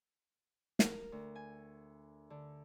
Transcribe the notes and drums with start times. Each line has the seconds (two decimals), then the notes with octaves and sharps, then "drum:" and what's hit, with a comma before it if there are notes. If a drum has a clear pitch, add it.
0.79 A#4, drum: snare
1.12 D2
1.35 G#5
2.30 D3